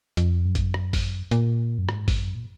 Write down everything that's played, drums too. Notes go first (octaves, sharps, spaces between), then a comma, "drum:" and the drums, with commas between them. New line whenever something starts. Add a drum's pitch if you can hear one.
F2, drum: hi-hat
F#2
drum: kick G#1, hi-hat
drum: rim click
drum: kick G#1, open hi-hat
A#2, drum: hi-hat
F#2
G#2, drum: rim click
drum: kick G#1, open hi-hat
F#2
A#2